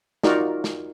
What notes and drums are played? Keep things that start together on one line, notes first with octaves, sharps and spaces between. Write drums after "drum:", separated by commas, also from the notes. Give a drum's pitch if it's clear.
D#4 F4 F#4 A#4 D5, drum: snare
drum: snare